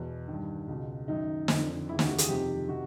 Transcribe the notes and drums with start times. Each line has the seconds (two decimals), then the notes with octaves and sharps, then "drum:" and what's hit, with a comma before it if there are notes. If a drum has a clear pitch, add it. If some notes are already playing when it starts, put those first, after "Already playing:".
Already playing: E2 B2
0.28 G2 D#3
0.68 C#2 B2
1.08 F#2 D#3 D#4
1.48 F2 D3, drum: snare
1.89 D#2 C#3 E3 E4
1.99 F#4, drum: snare
2.09 G4
2.18 G#4, drum: hi-hat
2.28 F2 C3 D#3 G4
2.68 C3 D#3 F#4